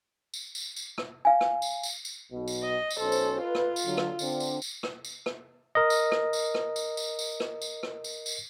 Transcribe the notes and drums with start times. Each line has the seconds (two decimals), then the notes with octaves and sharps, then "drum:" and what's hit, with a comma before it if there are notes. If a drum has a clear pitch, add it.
0.34 drum: tambourine
0.55 drum: tambourine
0.76 drum: tambourine
0.98 drum: rim click
1.25 F5 G#5
1.41 drum: rim click
1.62 drum: tambourine
1.83 drum: tambourine
2.05 drum: tambourine
2.32 B1 B2
2.48 drum: tambourine
2.63 D#5
2.90 drum: tambourine
3.00 B1 C#4 A4 C5
3.12 drum: tambourine
3.42 F4 B4
3.55 drum: rim click
3.76 drum: tambourine
3.85 D3 F#3
3.98 drum: rim click
4.19 D3 C4 D4, drum: tambourine
4.40 drum: tambourine
4.62 drum: tambourine
4.83 drum: rim click
5.05 drum: tambourine
5.26 drum: rim click
5.75 A#4 D#5
5.90 drum: tambourine
6.12 drum: rim click
6.33 drum: tambourine
6.54 drum: rim click
6.76 drum: tambourine
6.97 drum: tambourine
7.19 drum: tambourine
7.40 drum: rim click
7.62 drum: tambourine
7.83 drum: rim click
8.04 drum: tambourine
8.26 drum: tambourine